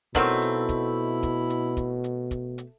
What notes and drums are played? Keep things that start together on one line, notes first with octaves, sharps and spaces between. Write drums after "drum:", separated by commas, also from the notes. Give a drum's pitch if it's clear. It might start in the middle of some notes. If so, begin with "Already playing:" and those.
B2 D#3 F#3 A3 C4 E4, drum: kick, hi-hat
drum: hi-hat
drum: kick, hi-hat
drum: kick, hi-hat
drum: hi-hat
drum: kick, hi-hat
drum: hi-hat
drum: kick, hi-hat
drum: hi-hat